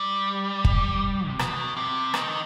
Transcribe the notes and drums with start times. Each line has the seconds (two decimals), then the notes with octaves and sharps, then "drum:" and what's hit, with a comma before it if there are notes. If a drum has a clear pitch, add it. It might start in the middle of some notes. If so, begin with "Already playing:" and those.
Already playing: G3
0.65 drum: kick
1.27 C3
1.39 B2, drum: rim click
1.77 C3
2.14 D#3, drum: rim click